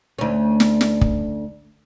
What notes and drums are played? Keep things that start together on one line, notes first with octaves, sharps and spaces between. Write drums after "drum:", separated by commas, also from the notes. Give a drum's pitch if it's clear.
D2 C#4
drum: snare
drum: snare
drum: kick